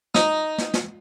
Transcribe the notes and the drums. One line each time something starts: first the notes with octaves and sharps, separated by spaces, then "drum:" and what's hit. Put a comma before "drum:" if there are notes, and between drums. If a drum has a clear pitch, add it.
D#4, drum: snare
drum: snare
drum: snare